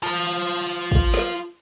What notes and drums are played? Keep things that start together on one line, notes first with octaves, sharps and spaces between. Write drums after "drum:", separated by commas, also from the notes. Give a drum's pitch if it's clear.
F4 A5
drum: tambourine
drum: tambourine
drum: kick
drum: snare